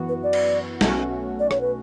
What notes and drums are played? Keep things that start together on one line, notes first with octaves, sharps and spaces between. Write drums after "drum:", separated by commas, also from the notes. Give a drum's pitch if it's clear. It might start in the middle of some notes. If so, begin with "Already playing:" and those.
Already playing: F#2 E3 B3 F#4
B4
D5
drum: cymbal
B1 B2 A3 C#4 F#4, drum: snare
D5
C#5, drum: rim click
B4